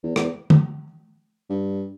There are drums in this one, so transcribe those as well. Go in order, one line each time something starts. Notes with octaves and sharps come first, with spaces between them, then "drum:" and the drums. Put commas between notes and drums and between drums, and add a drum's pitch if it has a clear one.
E2
E2, drum: rim click
drum: tom D3
G2